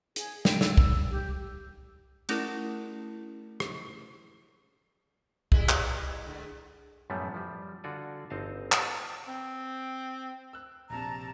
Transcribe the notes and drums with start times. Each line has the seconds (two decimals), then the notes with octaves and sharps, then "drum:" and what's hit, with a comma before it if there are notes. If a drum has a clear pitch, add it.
0.16 G#4, drum: hi-hat
0.45 G5, drum: snare
0.61 E6, drum: snare
0.77 E6, drum: kick
1.11 G4
2.29 A3 C#4 E4 G#4 A#4, drum: cymbal
3.60 drum: rim click
5.52 G3 G#3 E4, drum: kick
5.69 drum: clap
6.26 G#2 D3
7.10 F#2 A2 F3 G3 A3 B3
7.34 F3 G3
7.84 D3 F4 F#4 A4 D5 G#5
8.30 G1 C4 D#4 D#5 F5 A5
8.72 drum: clap
9.28 C4
10.53 E6 F#6
10.90 A#1 C3 A5 A#5